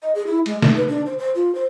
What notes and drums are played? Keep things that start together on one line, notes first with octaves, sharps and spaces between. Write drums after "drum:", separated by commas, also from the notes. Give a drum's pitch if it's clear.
D#5
G#4
E4
G#3, drum: cymbal
A3, drum: snare
B4
D4
C5
C5
F4
C5